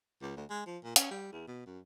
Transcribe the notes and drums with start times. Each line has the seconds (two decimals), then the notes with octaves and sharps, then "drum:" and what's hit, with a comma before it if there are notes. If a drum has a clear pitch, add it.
0.22 C#2
0.37 D2
0.50 G#3
0.67 F3
0.84 A#2
0.96 C#4, drum: hi-hat
1.11 G3
1.32 E2
1.47 B2
1.66 F#2